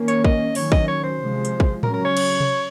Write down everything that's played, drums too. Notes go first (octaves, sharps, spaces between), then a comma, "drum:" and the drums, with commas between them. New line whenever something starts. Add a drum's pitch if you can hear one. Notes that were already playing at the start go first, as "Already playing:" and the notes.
Already playing: D#3 A#3 C#4
C#5, drum: hi-hat
D#5, drum: kick
D#3 F#3 C#4 C#5, drum: open hi-hat
D#5, drum: kick
C#5
C5
C3 F3 G#3
drum: hi-hat
drum: kick
C#3 F#3 C#4 A#4, drum: tom A2
A#4
C#5
drum: cymbal
drum: tom C3